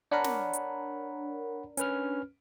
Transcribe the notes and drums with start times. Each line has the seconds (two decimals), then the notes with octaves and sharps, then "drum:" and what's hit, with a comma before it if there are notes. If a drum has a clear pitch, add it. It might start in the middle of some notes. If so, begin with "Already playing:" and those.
0.11 D4 A#4 C#5 F#5 B5
0.24 drum: snare
0.54 drum: hi-hat
1.77 C#4 B4 F6, drum: hi-hat